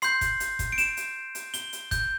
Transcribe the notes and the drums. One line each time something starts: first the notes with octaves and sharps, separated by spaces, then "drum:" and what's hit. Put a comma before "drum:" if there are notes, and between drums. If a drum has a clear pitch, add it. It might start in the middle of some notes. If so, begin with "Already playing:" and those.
C6 G6 C7, drum: hi-hat
drum: kick F#1, hi-hat
drum: hi-hat
drum: kick F#1, hi-hat
D7
E7, drum: hi-hat
drum: hi-hat
drum: hi-hat
G7, drum: hi-hat
drum: hi-hat
G6, drum: kick F#1, hi-hat